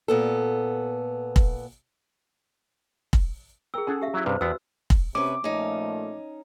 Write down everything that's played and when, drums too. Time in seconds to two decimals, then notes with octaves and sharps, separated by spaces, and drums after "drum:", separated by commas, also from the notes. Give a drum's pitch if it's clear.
0.08 A#2 B3 A4
1.36 drum: kick
3.13 drum: kick
3.74 G#4 A#4 G5 E6
3.87 C#4 D#4 G#4 A4 F#5
4.02 G4 E5 F5
4.14 F#3 E4
4.26 G2 C3 B4 C5
4.41 E2 B3 F#4 B4 E6
4.90 drum: kick
5.15 C3 C#4 B4 D6
5.44 A#2 F3 A3 C#4 D#4